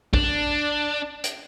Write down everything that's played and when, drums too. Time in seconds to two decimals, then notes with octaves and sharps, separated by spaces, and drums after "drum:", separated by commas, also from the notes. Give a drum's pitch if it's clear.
0.14 D4, drum: kick
1.24 drum: hi-hat